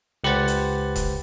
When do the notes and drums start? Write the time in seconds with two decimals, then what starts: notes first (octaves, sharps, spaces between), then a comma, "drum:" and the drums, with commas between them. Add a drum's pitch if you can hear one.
0.24 C#2 G4 B4 C5 F#5 A6
0.48 drum: hi-hat
0.96 drum: kick D#1, hi-hat